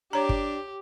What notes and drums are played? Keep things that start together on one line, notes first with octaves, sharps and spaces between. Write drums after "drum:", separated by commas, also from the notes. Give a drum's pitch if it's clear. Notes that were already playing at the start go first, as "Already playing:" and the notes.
D4 G4 C#5 A#5
drum: kick